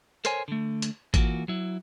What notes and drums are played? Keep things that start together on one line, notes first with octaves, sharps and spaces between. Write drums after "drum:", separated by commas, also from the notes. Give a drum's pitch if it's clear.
A4 A#4 C5 C#5 G#5, drum: hi-hat
D3 A3
drum: hi-hat
E3 A#3 F4 F#4, drum: kick, hi-hat
F#3 E4